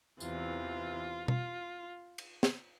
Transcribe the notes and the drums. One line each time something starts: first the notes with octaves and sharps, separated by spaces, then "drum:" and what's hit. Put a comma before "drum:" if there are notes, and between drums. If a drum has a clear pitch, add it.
E2 C3 E3 F4, drum: tambourine
F4, drum: tom B2
drum: cymbal
drum: snare